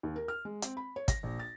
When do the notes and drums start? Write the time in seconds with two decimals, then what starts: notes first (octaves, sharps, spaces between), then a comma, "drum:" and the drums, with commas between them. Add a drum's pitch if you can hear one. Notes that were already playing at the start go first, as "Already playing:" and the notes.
0.03 D#2
0.16 A#4
0.28 F6
0.45 G#3
0.62 C4, drum: hi-hat
0.77 B5
0.96 C#5
1.08 A#6, drum: kick, hi-hat
1.23 A#1
1.39 A6